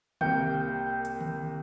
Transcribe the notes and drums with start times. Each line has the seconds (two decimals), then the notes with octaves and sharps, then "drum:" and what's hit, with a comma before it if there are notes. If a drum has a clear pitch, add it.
0.21 C2 A#3 G5 C#7, drum: tom D3
1.05 drum: hi-hat
1.21 drum: tom D3